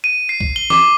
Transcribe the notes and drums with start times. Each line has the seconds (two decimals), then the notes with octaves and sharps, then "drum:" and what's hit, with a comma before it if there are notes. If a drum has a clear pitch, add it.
0.04 D#7
0.29 C7
0.40 drum: kick
0.56 G7
0.70 D6, drum: snare